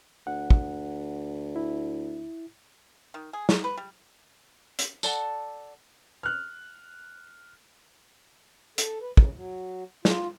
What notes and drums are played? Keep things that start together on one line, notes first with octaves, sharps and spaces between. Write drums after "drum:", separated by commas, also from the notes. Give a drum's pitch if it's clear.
D2 F#5
drum: kick
E4
D#3
G#4
D#4, drum: snare
B4
G3
drum: hi-hat
A4 D5 F#5 A5, drum: tambourine
F6 F#6
A4, drum: hi-hat
B4
C#3, drum: kick
F#3
F4, drum: snare